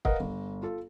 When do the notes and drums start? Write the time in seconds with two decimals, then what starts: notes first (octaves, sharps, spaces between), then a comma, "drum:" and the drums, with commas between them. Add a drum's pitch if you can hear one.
0.05 A#4 B4 D#5 F5 F#5, drum: kick
0.20 G1
0.62 F4 A4